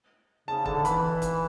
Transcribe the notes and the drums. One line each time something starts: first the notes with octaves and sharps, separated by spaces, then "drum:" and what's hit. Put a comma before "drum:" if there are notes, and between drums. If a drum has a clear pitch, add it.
C#3 A5
D3 A5, drum: kick
E3 B5, drum: hi-hat
drum: kick, hi-hat